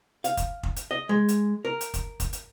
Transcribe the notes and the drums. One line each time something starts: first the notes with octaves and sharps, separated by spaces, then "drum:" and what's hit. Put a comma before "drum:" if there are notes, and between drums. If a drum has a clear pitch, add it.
F5, drum: hi-hat
drum: kick, hi-hat
drum: kick
drum: hi-hat
D#5
G#3
drum: hi-hat
A#4
drum: hi-hat
drum: kick, hi-hat
drum: kick, hi-hat
drum: hi-hat